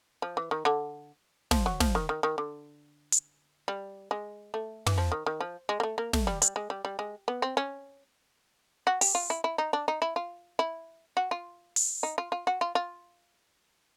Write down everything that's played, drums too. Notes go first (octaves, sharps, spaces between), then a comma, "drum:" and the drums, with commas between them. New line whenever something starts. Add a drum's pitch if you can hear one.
F3
E3
D#3
D3
F3, drum: snare
F#3
F3, drum: snare
D#3
D#3
D#3
D3
drum: hi-hat
G3
G#3
A3
E3, drum: tom
F3
D#3
D#3
F3
G#3
A#3
A3
A#3
A3, drum: snare
G3
G3, drum: hi-hat
G#3
G3
G3
G#3
B3
C4
C#4
F#4
G4, drum: open hi-hat
F4
E4
E4
D#4
D4
D#4
E4
F4
E4
F#4
F4
drum: open hi-hat
D#4
F4
F4
F#4
F4
F4